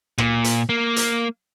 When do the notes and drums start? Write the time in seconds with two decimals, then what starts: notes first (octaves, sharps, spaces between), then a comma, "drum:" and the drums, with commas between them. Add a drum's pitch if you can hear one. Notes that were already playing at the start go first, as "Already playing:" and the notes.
0.18 A#2, drum: rim click
0.44 drum: hi-hat
0.69 A#3
0.96 drum: hi-hat